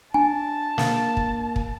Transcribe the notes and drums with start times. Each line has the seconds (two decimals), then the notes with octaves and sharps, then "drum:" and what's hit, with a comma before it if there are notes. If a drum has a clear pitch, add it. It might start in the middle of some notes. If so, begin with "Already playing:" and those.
0.14 D4 G#5 A5
0.78 A#3, drum: snare
1.17 drum: kick
1.56 drum: kick